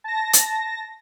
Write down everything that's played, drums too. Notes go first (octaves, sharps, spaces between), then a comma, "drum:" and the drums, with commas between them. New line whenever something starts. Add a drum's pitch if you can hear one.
A5 A#6
drum: hi-hat